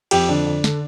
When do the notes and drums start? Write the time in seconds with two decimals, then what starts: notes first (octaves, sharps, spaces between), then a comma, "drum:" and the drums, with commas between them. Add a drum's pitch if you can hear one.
0.11 F2 G4, drum: cymbal
0.29 D3 D4
0.46 D3
0.64 D3, drum: snare